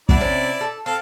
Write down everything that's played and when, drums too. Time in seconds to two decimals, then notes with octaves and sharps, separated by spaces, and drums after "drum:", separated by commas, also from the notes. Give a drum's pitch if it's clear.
0.09 B3 D4 E4 D5, drum: kick
0.21 C3 C4 C#4
0.61 A4
0.86 C4 A4 F5